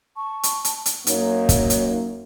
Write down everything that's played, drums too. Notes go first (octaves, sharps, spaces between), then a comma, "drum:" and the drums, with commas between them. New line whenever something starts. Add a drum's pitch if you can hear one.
A5 C#6
drum: hi-hat
drum: hi-hat
drum: hi-hat
F#2 A#3 D#4 C#5, drum: hi-hat
drum: kick, hi-hat
drum: hi-hat